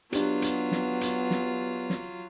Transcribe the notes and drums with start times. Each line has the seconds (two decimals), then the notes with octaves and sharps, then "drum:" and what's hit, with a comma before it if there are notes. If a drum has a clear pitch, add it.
0.13 F#3 B3 D4 F4 G4, drum: hi-hat
0.42 drum: hi-hat
0.72 drum: snare
1.01 drum: hi-hat
1.31 drum: snare
1.90 drum: snare